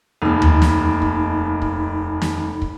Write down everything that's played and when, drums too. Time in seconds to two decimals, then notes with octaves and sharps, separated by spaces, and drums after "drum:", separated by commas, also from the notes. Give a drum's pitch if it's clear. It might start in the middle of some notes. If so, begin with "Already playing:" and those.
0.22 F1 D#2 D#4 B5
0.42 drum: tom D#2
0.62 drum: snare
1.02 drum: kick
1.62 drum: kick
2.22 drum: snare
2.62 drum: kick